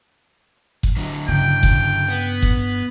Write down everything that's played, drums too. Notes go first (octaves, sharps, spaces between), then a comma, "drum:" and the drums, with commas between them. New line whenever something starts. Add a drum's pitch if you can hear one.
drum: kick F#1
D3 F#3
G2 C#3 G5
drum: kick F#1
B3
drum: kick F#1